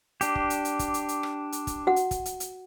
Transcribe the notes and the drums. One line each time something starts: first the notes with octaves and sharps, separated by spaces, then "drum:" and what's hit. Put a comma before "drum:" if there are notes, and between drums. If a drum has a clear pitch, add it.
D4 G4, drum: hi-hat
drum: kick
drum: hi-hat
drum: hi-hat
drum: kick, hi-hat
drum: hi-hat
drum: hi-hat
drum: rim click
drum: hi-hat
drum: kick, hi-hat
F#4 F#5
drum: hi-hat
drum: kick, hi-hat
drum: hi-hat
drum: hi-hat